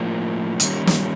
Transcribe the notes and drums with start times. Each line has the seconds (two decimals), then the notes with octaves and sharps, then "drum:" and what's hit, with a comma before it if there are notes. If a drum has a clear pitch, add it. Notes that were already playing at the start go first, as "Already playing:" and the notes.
Already playing: A2 F3 A#3
0.60 G2 D#3 G3 A#3 C#4, drum: hi-hat
0.87 drum: snare